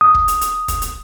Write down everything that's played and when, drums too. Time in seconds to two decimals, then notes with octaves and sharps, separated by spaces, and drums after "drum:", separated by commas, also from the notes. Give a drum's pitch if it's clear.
0.01 D#6
0.14 drum: kick
0.28 drum: hi-hat
0.41 drum: hi-hat
0.68 drum: kick, hi-hat
0.82 drum: hi-hat